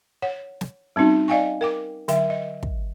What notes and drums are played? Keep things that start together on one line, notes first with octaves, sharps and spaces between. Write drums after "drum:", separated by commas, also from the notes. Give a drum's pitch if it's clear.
C#5 F#5
drum: snare
G3 C4 C#4 D#4 F#4
D5 D#5 F5 G5 G#5 C#6
A#4 G5 D6
D3 F#3 E5 G5, drum: hi-hat
D#5
drum: kick